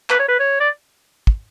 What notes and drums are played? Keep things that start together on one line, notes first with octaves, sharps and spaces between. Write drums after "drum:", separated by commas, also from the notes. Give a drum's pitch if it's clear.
B4, drum: clap
C#5
B4
C#5
D5
drum: kick